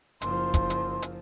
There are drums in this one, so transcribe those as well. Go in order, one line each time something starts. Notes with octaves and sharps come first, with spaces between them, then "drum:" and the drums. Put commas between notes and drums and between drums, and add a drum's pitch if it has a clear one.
F#1 F3 C6, drum: hi-hat
drum: kick, hi-hat
drum: hi-hat
drum: hi-hat